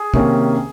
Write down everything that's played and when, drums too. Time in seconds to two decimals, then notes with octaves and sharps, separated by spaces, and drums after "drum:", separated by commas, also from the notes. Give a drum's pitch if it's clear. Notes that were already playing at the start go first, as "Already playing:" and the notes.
Already playing: G#4
0.14 C3 D#3 A#3 C#4, drum: kick